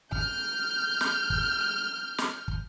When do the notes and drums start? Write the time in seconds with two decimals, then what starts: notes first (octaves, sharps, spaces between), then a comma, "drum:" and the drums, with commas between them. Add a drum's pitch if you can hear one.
0.12 F6 G6, drum: kick
1.01 drum: snare
1.30 drum: kick
2.18 drum: snare
2.48 drum: kick